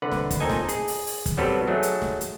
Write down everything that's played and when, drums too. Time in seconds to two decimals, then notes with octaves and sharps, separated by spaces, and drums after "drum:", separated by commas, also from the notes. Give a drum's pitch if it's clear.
0.02 C2 D3 B4 F#5
0.12 drum: snare
0.31 drum: kick, hi-hat
0.40 A#2 C4 D#4 A4 D#5 G#5
0.50 drum: snare
0.69 G#4, drum: hi-hat
0.88 drum: open hi-hat
1.07 drum: open hi-hat
1.26 drum: kick, hi-hat
1.37 F#3 G3 B3 C4 A4 B4
1.67 F#3 A3 D#4 G#4
1.83 drum: hi-hat
2.02 drum: snare
2.21 drum: hi-hat